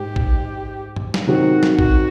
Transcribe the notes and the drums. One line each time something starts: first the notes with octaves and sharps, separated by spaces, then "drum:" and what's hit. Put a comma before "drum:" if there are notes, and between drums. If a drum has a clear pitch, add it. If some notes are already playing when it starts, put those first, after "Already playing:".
Already playing: G#2 G4
drum: kick
drum: tom
drum: snare
C3 D#3 F#3 F#4
drum: snare
F#4, drum: kick